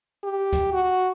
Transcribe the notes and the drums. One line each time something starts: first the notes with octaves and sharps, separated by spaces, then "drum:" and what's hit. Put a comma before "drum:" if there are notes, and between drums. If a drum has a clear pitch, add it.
G4
drum: kick C#2, hi-hat
F#4